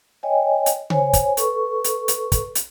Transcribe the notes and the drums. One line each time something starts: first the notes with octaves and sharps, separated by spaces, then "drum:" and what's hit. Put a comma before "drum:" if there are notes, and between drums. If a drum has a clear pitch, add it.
C#5 D#5 G5 G#5
drum: hi-hat
C5 C#5 G#5, drum: tom C#3
drum: kick, hi-hat
A4 B4 C#6, drum: hi-hat
drum: hi-hat
drum: hi-hat
drum: kick, hi-hat
drum: hi-hat